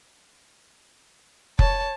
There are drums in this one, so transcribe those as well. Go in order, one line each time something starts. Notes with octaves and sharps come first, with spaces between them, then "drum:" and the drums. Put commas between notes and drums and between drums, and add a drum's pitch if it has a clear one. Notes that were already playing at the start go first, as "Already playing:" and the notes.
C#5 A5, drum: kick F1